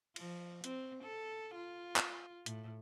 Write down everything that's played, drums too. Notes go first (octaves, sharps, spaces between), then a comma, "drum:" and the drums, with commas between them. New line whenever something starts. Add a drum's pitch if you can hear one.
F3, drum: cymbal
C4, drum: hi-hat
A4
F4
drum: clap
A2, drum: hi-hat